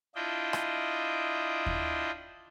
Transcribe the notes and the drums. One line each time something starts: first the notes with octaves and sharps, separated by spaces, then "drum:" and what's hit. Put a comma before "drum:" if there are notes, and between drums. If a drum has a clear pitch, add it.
D4 E4 F4 D#5 G5
drum: rim click
drum: kick D#2